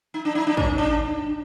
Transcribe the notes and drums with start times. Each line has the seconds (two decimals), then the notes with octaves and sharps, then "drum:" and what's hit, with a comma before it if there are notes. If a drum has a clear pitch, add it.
0.14 D#4
0.25 D4
0.35 D#4
0.47 D4
0.57 C#4, drum: kick
0.78 D4